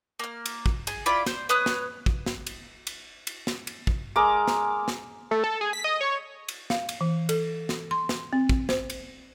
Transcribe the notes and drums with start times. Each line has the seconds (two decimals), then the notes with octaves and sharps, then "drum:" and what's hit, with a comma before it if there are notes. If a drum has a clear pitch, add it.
0.19 A#3 F6
0.46 drum: cymbal
0.66 drum: kick
0.87 G#4, drum: cymbal
1.06 E4 F4 D5 B5
1.26 C5, drum: snare
1.49 B4 C#5 D#6 F#6
1.66 drum: snare
2.06 drum: kick
2.26 drum: snare
2.47 drum: cymbal
2.87 drum: cymbal
3.27 drum: cymbal
3.47 drum: snare
3.67 drum: cymbal
3.87 drum: kick
4.16 G#3 A#4 D6
4.48 drum: snare
4.88 drum: snare
5.31 A3
5.44 A4
5.61 G#4
5.73 B6
5.84 D#5
6.01 C#5
6.48 drum: cymbal
6.70 F5, drum: snare
6.89 drum: cymbal
7.01 E3
7.29 A4, drum: cymbal
7.69 drum: snare
7.91 C6
8.09 drum: snare
8.33 C4
8.49 drum: kick
8.69 C5, drum: snare
8.90 drum: cymbal